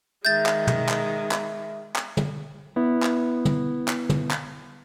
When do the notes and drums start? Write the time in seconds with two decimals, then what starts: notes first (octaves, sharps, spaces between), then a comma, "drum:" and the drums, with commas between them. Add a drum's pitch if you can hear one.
0.25 D#3 G#3 E5 G6 A6
0.46 drum: clap
0.67 drum: tom
0.89 drum: clap
1.31 drum: clap
1.96 drum: clap
2.17 drum: tom
2.76 B3 E4
3.03 drum: clap
3.45 drum: tom
3.88 drum: clap
4.09 drum: tom
4.31 drum: clap